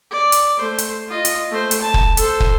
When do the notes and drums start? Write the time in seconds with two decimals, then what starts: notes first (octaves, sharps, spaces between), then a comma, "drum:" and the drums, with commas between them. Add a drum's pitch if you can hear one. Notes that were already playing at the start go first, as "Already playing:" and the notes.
0.11 D5
0.32 drum: hi-hat
0.59 A3 C5
0.78 drum: hi-hat
1.09 F4 D#5
1.25 drum: hi-hat
1.51 A3 C5
1.71 drum: hi-hat
1.81 A5
1.94 drum: kick
2.17 A4 C5, drum: hi-hat
2.40 drum: kick